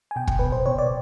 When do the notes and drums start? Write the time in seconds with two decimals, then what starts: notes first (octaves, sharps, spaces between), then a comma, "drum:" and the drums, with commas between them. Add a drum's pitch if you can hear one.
0.11 G#5
0.16 B2 G5
0.27 drum: kick
0.39 B2 B4
0.52 C5
0.66 B2 C#5
0.78 D5